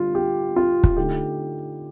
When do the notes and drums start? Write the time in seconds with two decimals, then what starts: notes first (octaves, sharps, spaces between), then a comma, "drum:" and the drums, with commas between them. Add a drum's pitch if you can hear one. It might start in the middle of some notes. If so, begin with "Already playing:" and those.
Already playing: D3 G3 D4 F4
0.15 G4
0.56 F4
0.84 drum: kick
0.97 D3 A3 D#4 G4